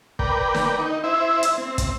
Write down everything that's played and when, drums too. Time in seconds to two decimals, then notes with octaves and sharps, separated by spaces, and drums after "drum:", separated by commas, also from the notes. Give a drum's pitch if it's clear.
0.19 A#4 B4 D5 G5, drum: kick
0.54 drum: snare
0.79 D#4
1.04 E4 C5 E5
1.43 drum: hi-hat
1.58 C4
1.78 drum: kick, hi-hat